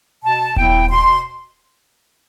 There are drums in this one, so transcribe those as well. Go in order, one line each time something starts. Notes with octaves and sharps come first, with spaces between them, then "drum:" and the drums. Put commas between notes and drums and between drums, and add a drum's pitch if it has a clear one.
B2 A5
F#3 B3 E4 G5, drum: kick D#1
B2 C6